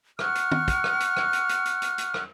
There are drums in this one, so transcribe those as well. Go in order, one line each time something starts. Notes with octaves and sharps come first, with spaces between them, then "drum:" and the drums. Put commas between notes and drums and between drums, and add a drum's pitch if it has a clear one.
F#5 C#6 F6 F#6, drum: rim click
drum: hi-hat
drum: tom
drum: kick, hi-hat
drum: rim click
drum: hi-hat
drum: rim click
drum: hi-hat
drum: hi-hat
drum: hi-hat
drum: hi-hat
drum: hi-hat
drum: rim click